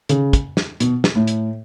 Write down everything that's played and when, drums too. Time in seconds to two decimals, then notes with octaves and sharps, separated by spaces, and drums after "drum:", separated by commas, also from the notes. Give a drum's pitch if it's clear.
0.09 C#3, drum: hi-hat
0.33 drum: kick, hi-hat
0.57 drum: snare
0.80 B2, drum: hi-hat
1.04 drum: snare
1.16 A2
1.28 drum: hi-hat